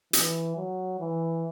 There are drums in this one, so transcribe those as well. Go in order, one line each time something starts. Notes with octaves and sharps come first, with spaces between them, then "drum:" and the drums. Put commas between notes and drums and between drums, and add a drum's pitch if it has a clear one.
E3, drum: hi-hat
F#3
E3